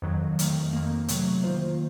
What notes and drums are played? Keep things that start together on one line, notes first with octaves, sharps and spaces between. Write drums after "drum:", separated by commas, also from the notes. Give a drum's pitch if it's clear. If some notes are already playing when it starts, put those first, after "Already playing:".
F2 D#3 F#3
F2 D#3 A3, drum: hi-hat
F2 D#3 A#3
C3 F#3 A3, drum: hi-hat
D#3 A#3 F4 C5